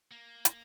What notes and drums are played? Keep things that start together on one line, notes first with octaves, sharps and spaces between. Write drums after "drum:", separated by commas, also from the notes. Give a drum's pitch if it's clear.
A#3
drum: hi-hat